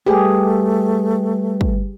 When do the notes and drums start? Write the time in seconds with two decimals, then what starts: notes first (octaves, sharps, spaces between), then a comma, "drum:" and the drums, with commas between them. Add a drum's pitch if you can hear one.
0.06 G3 A3 G4 G#4 B4
1.61 drum: kick